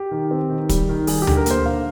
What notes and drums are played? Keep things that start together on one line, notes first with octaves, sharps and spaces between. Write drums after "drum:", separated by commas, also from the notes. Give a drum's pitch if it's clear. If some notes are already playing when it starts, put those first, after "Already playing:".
Already playing: G4
D#3
C4
D#3
G3, drum: kick, hi-hat
D#3
G3 G#4, drum: open hi-hat
G4
D3, drum: tom D2
A#4
A#3 C5, drum: hi-hat
D3 F5